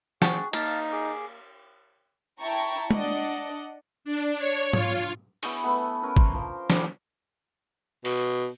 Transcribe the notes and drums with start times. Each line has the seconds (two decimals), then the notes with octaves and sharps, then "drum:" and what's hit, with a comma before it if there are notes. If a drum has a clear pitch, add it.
0.22 F#4 G#4 F#5 G5 A5, drum: snare
0.53 A#3 D#4 F5 A5, drum: cymbal
0.92 G#4 D6
2.41 E4 G5 A5 A#5 C#6
2.91 D4 D5 D#5 F#5, drum: tom
4.05 D4
4.38 C#5
4.73 F4, drum: tom G#2
5.43 B3 E4 G#4 C#5, drum: open hi-hat
5.64 A3 B3 E5
6.03 C#4 A#4 B4
6.17 C5, drum: kick
6.34 F3
6.70 D3 G3 G4, drum: snare
8.05 B2, drum: open hi-hat